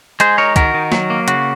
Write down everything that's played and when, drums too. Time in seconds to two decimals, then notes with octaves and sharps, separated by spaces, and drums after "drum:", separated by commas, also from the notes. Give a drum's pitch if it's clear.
0.20 G#3 G#4 C5, drum: hi-hat
0.38 D#4 A#4 C#5
0.56 D#3 F#4 A#4, drum: kick, hi-hat
0.74 D#3
0.92 F#3, drum: snare
1.10 A#3
1.28 C#3 F#4, drum: hi-hat